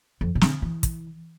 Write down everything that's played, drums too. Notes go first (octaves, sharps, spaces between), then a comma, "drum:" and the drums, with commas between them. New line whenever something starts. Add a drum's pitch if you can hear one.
F2
C3
D3, drum: snare
E3
drum: kick, hi-hat